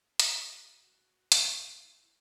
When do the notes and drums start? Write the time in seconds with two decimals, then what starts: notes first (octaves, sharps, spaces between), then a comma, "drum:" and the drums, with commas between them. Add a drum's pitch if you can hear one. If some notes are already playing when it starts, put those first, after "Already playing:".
0.20 G#4, drum: hi-hat
0.34 G#4
0.45 E4
0.50 F#4
0.81 F#4
1.32 drum: hi-hat
1.42 E4